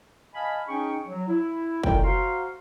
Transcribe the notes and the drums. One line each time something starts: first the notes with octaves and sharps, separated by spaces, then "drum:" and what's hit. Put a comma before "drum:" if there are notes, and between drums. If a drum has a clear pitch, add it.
D#5 F5 G#5 A5 B5
C#4 D#4 G#4 G5 C#6
F#3
E4
C#2 F#2 A#2 D3 D#3 G5, drum: kick
F#4 C5 F5 F#5 A#5 C6